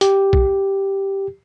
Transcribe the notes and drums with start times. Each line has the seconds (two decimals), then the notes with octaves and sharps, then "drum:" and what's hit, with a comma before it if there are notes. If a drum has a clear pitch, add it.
0.01 G4, drum: hi-hat
0.33 drum: kick